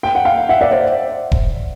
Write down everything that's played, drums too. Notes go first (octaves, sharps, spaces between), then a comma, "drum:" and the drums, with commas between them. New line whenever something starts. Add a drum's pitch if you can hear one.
G5
F#5
F5 G5
E5 F#5
D5 E5
C5 D5
drum: kick E1